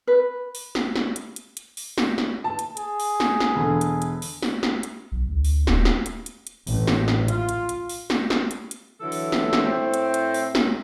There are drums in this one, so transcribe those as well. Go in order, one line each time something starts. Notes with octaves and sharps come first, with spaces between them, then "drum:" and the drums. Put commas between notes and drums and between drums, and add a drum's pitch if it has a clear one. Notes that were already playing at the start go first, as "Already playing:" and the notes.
B4
drum: open hi-hat
drum: snare
drum: snare
drum: hi-hat
drum: hi-hat
drum: hi-hat
drum: open hi-hat
drum: snare
drum: snare
A5
drum: hi-hat
G#4, drum: hi-hat
drum: open hi-hat
drum: snare
drum: snare
E1 D3
drum: hi-hat
drum: hi-hat
drum: open hi-hat
drum: snare
drum: snare
drum: hi-hat
B1
D2
drum: open hi-hat
D#1, drum: snare
drum: snare
drum: hi-hat
drum: hi-hat
drum: hi-hat
A1, drum: open hi-hat
drum: snare
drum: snare
F4, drum: hi-hat
drum: hi-hat
drum: hi-hat
drum: open hi-hat
drum: snare
drum: snare
drum: hi-hat
drum: hi-hat
D3 E3 F#3 A4
drum: open hi-hat
drum: snare
drum: snare
A2 A3 C4
drum: hi-hat
drum: hi-hat
drum: open hi-hat
drum: snare